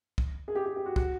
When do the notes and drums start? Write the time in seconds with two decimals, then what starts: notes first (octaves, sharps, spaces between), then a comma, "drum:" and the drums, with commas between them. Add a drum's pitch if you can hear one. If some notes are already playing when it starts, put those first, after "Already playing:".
0.18 drum: kick
0.48 G#4
0.55 G4
0.66 G4
0.76 G4
0.86 F#4
0.96 F#4, drum: kick